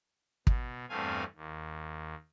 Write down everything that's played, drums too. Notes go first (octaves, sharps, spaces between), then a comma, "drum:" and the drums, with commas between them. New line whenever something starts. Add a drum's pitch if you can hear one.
B2, drum: kick
E2 G2 A3 C4 F5 G#5
D#2